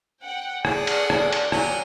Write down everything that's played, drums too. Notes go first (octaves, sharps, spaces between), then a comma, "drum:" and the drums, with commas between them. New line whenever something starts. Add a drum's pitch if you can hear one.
F#5 G5
G#4 A4 D5 F#5, drum: rim click
drum: cymbal
drum: rim click
drum: cymbal
F#3 G#5, drum: rim click